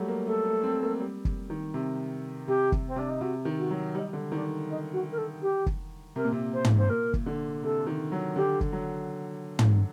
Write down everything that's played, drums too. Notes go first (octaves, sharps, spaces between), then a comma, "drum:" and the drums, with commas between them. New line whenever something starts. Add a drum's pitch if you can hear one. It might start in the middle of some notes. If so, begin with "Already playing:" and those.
Already playing: F#3 G3 A3
A#3
A3 A4
A3
C4
A#3
G3
drum: kick
D#3
C3
C3 G4
drum: kick
C4
C3 D4
D#4
C3 F#4
D#3
F#4
F#3
G3 D#4
D3
D#3 D4
D#4
F#4
A#4
A4
G4
drum: kick
C3 A#4
A#2
C3
C5
drum: tom
C5
A#2 A#4
drum: kick
D3
C3 A4
D#3
F#3
D3 G4
drum: kick
F#3
drum: tom